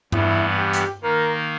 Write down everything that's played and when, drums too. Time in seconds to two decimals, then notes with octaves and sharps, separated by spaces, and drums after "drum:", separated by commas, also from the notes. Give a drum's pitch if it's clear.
0.12 G2 E3 G3 B3 E4, drum: tom G2
0.58 G4
0.73 drum: hi-hat
1.02 D#3 A#3 D#4 A#4